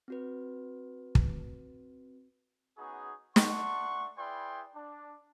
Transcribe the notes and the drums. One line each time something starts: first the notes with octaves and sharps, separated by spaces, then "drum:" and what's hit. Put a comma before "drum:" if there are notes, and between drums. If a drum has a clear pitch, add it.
C4 F#4 B4
drum: kick
B3 C#4 D#4 F#4 G#4
A3 D4 F#5 C6 C#6, drum: snare
E4 G#4 B4 D5 G5 C6
D4